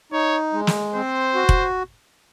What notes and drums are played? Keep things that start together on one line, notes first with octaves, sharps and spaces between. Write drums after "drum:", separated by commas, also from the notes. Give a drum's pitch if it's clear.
D#4 C#5
G#3
drum: snare
C4 C5
F#4
drum: kick F1